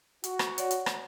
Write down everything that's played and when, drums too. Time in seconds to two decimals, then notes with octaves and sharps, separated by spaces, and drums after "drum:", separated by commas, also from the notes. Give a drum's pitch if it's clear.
0.24 F#4, drum: hi-hat
0.39 drum: rim click
0.58 C#5 D5 F#5, drum: hi-hat
0.71 drum: hi-hat
0.86 drum: rim click